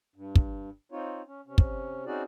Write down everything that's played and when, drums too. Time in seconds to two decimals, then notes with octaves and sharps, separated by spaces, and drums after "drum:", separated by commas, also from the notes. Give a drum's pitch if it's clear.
0.16 G2
0.35 drum: kick
0.92 C4 D#4 F4 C#5
1.27 C#4
1.47 C3 C#4
1.58 drum: kick
2.06 C4 C#4 D#4 F#4 G#4 D5